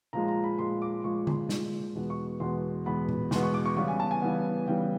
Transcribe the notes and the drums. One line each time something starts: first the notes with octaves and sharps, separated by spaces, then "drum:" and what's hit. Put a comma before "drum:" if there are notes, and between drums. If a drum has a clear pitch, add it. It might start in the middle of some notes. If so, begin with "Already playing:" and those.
A#2 F3 G#3 A#5
A#5
B5
A#2 F3 G#3 C6
D6
A#2 F3 G#3 C#6
C6, drum: tom D3
A#2 F3 G#3, drum: snare
E2 B2 G#3 B3
C#6
E2 B2 G#3 B3 C6
E2 B2 G#3 B3 B5
drum: tom A#2
E2 B2 G#3 B3 C6, drum: snare
C#6
D6
C#6
C#3 E3 G3 B3 C#6
G#5
A5
G#5
C#3 E3 G3 B3
C#3 E3 G3 B3 G5